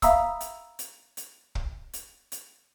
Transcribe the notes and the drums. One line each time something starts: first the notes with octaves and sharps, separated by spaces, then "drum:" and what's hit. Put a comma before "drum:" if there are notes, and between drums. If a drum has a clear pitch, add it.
E5 F5 A#5 B5 D#6 E6, drum: kick, hi-hat
drum: hi-hat
drum: hi-hat
drum: hi-hat
drum: kick
drum: hi-hat
drum: hi-hat